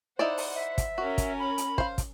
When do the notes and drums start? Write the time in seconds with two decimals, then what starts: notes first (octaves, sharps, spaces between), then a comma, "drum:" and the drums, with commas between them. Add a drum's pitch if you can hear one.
0.19 D#4 E4 C5 D5 F#5
0.38 drum: open hi-hat
0.55 E5
0.78 drum: kick, hi-hat
0.98 C#4 F#4 A#4
1.18 drum: kick, hi-hat
1.39 B5
1.58 drum: hi-hat
1.78 C5 F5, drum: kick
1.98 drum: kick, hi-hat